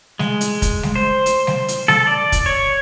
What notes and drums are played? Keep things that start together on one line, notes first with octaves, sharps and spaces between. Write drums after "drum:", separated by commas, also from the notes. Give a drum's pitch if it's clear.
G#3, drum: snare G3
drum: hi-hat
drum: kick, hi-hat
drum: snare G3
C5
drum: hi-hat
drum: snare G3
drum: hi-hat
A4, drum: snare G3
D5
drum: kick, hi-hat
C#5